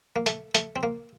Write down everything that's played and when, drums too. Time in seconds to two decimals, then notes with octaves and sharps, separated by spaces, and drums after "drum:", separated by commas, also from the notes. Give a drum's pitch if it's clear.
0.16 A#3
0.26 A3, drum: hi-hat
0.55 A3, drum: hi-hat
0.76 C4
0.83 A#3